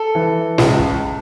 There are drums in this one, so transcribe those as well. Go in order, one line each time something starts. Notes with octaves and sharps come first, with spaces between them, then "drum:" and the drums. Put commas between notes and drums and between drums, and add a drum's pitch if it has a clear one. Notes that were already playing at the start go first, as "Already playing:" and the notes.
Already playing: A4
E3
C#2, drum: snare
drum: kick